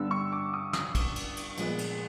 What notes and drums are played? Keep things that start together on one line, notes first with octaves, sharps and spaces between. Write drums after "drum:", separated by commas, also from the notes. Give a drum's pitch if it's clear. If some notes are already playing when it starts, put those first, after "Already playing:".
Already playing: G2 D3 G3 B3 E6
C#6
D6
D#6
D#6, drum: snare
drum: kick, cymbal
drum: cymbal
drum: cymbal
A#2 F3 G#3 B3, drum: cymbal
drum: cymbal